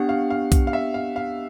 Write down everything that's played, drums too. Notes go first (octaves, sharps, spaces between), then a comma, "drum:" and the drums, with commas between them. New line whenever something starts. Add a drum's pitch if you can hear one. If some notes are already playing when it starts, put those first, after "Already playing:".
Already playing: B3 D4 G4 F#5
F5
F5
drum: kick B1, hi-hat
F5
E5
F5
F5